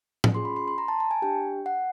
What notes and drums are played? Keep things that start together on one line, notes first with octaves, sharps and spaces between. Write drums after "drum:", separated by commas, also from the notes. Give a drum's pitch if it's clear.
drum: tom
C#4 F4 G#4 C6
B5
C6
C6
A#5
A5
A5
G#5
D4 G4 G5
F#5